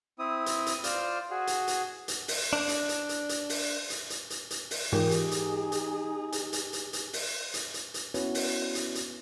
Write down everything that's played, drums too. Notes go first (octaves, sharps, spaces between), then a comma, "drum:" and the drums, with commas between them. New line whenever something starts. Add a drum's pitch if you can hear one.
C4 E4 D#6
drum: hi-hat
drum: hi-hat
F4 C5 D5 F6, drum: hi-hat
F#4 G#4
drum: hi-hat
drum: hi-hat
drum: hi-hat
drum: open hi-hat
D4
drum: hi-hat
drum: hi-hat
drum: hi-hat
drum: hi-hat
drum: open hi-hat
drum: hi-hat
drum: hi-hat
drum: hi-hat
drum: hi-hat
drum: open hi-hat
G#2 E3 D#4 F4 G4 G#4 A#4
drum: hi-hat
drum: hi-hat
drum: hi-hat
drum: hi-hat
drum: hi-hat
drum: hi-hat
drum: hi-hat
drum: open hi-hat
drum: hi-hat
drum: hi-hat
drum: hi-hat
B3 C#4 E4 F#4 B4 C#5, drum: hi-hat
drum: open hi-hat
drum: hi-hat
drum: hi-hat